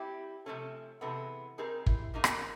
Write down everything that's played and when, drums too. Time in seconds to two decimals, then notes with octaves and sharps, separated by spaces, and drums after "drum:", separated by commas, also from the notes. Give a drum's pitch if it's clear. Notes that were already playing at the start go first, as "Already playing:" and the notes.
Already playing: G3 C4 E4 G4
0.46 C3 F3 A3 C#4 A4
1.01 C3 E3 G#3 B3 A4
1.58 G3 C4 D#4 G#4 A#4
1.86 E4, drum: kick
2.14 F3 A#3 D#4 G#4
2.24 drum: rim click